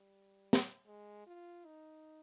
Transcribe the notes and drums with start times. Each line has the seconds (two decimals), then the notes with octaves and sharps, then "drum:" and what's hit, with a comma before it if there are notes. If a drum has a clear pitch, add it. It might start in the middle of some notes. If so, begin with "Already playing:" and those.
Already playing: G3
0.53 drum: snare
0.86 G#3
1.27 F4
1.66 D#4